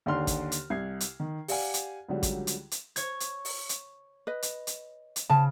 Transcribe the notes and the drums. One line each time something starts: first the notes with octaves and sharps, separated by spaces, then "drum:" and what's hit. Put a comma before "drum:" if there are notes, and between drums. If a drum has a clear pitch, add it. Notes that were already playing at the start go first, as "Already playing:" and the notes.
D#2 D3 D#3 C6 F6
drum: kick, hi-hat
drum: hi-hat
C2 G#6 C7
drum: hi-hat
D#3
G4 D5 F5 F#5 G#5, drum: open hi-hat
drum: hi-hat
C#2 D3 F#3 G3
drum: kick, hi-hat
drum: hi-hat
drum: hi-hat
C#5 G#6, drum: hi-hat
drum: hi-hat
drum: open hi-hat
drum: hi-hat
B4 D#5
drum: hi-hat
drum: hi-hat
drum: hi-hat
C#3 A5